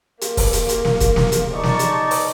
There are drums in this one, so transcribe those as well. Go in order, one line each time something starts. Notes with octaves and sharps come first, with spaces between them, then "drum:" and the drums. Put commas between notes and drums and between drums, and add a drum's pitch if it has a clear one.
A#3, drum: hi-hat
drum: kick, open hi-hat
drum: hi-hat
drum: hi-hat
drum: snare
drum: kick, hi-hat
drum: snare
drum: hi-hat
D#4 D5 A5 C#6
drum: snare
drum: hi-hat
drum: open hi-hat